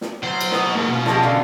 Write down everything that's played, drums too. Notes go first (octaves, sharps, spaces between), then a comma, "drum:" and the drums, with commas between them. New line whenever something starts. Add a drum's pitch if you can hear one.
drum: snare
F#3 B3 C5
drum: cymbal
B4 D#5, drum: snare
G#2 F#3 A#3 F#4
B2 C#4 F4
F3 G#3 G4, drum: snare
D3 F5